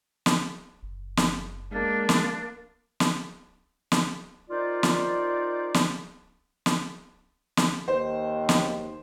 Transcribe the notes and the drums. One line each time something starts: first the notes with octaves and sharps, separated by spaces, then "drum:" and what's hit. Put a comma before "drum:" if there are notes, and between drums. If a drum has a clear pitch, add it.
drum: snare
F#1
drum: snare
G#3 A#3 D4
drum: snare
drum: snare
drum: snare
D#3 D#4 F4 C5 D5
drum: snare
drum: snare
drum: snare
drum: snare
D#2 C5
drum: snare